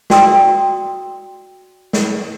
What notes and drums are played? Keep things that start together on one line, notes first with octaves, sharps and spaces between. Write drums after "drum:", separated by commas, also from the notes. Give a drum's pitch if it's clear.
F#4 D5 G5 C6 D#6 E6, drum: snare
drum: snare